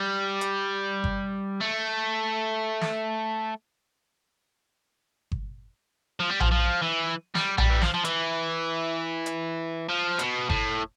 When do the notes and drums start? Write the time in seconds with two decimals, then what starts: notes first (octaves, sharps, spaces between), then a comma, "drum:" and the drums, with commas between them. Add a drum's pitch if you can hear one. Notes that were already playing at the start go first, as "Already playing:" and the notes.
Already playing: G3
0.41 drum: hi-hat
1.04 drum: kick G1
1.61 A3
2.81 drum: snare
5.32 drum: kick G1
6.20 F3
6.30 G3
6.40 F3, drum: tom A#1
6.52 F3
6.82 E3
7.35 G3, drum: snare
7.58 G3, drum: tom A#1
7.70 E3
7.82 F3, drum: snare
7.94 F3
8.05 E3, drum: hi-hat
9.26 drum: hi-hat
9.89 F3
10.19 B2, drum: hi-hat
10.50 A2, drum: kick G1